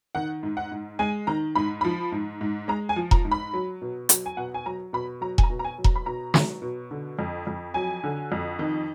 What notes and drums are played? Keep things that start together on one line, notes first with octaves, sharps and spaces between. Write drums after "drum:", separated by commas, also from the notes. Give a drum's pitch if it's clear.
D#3 F#5
G#2
F#5
G#2
G#3 G#5
D#3 A#5
G#2 B5
F3 B5
G#2
G#2
G#3 A#5
G#5
F3
A#5, drum: kick E1
G#2
B5
F#3
B2
F#3, drum: hi-hat
G#5
B2 F#5
G#5
F#3 A#5
B2 B5
F#3 A#5
G#5, drum: kick E1
A#5
B2
A#5
G#5
F#3
A#5, drum: kick E1
B5
B2 A#5
F#3, drum: snare
B2
D3
F2
F2
F#3 G#5
D3
F2
D#3